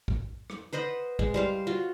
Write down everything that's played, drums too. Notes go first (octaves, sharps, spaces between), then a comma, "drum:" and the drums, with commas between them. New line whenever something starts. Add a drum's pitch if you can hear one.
drum: kick
drum: rim click
B4 C5 D#5 F#5
G#3, drum: kick
G3 C5 F5
F4 F#4